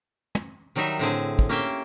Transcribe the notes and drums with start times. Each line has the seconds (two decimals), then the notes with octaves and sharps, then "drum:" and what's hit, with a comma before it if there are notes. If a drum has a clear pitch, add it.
0.35 drum: tom
0.76 D#3 F#3 G3 D#4 E5
0.99 A2 D3 C4 G#4
1.39 drum: kick
1.49 A#3 C#4 G4 E5 G5